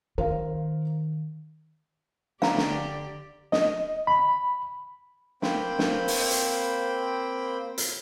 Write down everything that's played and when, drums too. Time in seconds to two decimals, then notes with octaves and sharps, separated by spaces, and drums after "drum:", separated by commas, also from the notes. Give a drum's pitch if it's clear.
0.18 D#3 A#4 C5 F5
2.42 D3 G4 D5 F5 A#5, drum: snare
2.57 drum: snare
3.52 D#5, drum: snare
4.07 B5
5.42 A#3 C4 C5 G5 B5, drum: snare
5.79 drum: snare
6.08 drum: open hi-hat
6.31 drum: hi-hat
7.78 drum: hi-hat